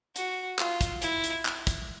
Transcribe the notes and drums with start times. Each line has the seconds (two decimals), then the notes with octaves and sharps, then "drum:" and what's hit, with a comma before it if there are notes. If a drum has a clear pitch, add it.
0.16 F#4, drum: hi-hat
0.59 F4, drum: clap
0.81 drum: kick, hi-hat
1.02 E4, drum: hi-hat
1.24 drum: hi-hat
1.45 drum: clap
1.67 drum: kick, hi-hat